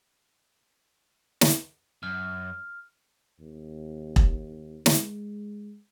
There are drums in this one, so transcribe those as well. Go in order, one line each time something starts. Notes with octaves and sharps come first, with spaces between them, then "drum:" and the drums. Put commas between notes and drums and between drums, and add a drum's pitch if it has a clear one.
drum: snare
F#2 F6
D#2
drum: kick E1
G#3, drum: snare